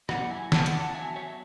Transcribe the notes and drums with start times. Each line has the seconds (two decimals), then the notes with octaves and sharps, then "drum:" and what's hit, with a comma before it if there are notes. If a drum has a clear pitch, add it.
0.09 F#3 C#4 E4 D5 F#5, drum: rim click
0.30 E5 G#5
0.52 F#5 A5, drum: snare
0.66 D5 F#5, drum: hi-hat
0.80 F#5 A5
0.95 F#3 B3 D4 E5 G#5
1.16 C#5 E5